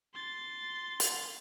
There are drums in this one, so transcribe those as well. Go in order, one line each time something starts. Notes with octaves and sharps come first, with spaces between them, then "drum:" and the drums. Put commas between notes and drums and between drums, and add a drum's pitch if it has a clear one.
C6 A6
drum: hi-hat